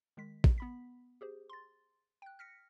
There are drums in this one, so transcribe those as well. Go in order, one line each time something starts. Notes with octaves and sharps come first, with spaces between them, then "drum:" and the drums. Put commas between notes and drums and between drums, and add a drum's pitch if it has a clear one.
D#3 G#3 B6
drum: kick
B3 B5 B6
G4 G#4 C5
C6 A6
G5 F#6
F6 A#6 B6 C#7